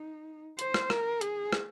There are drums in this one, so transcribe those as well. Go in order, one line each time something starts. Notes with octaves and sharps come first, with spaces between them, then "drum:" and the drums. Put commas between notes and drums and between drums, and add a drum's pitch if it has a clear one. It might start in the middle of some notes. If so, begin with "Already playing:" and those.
Already playing: D#4
C5, drum: hi-hat
drum: rim click
A#4, drum: rim click
G#4, drum: hi-hat
drum: rim click